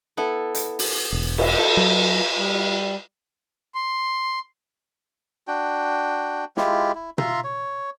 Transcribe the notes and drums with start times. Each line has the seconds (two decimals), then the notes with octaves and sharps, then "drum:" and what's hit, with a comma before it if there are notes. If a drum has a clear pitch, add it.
0.17 B3 E4 A4
0.55 drum: hi-hat
0.79 drum: open hi-hat
1.12 E1
1.38 drum: cymbal
1.57 A4
1.77 F#3
2.38 G3
3.75 C6
5.48 D4 F#4 G5
6.57 G#3 E4 F4 G4, drum: snare
6.95 E4
7.18 F4 E5 A#5 C6, drum: tom B2
7.44 C#5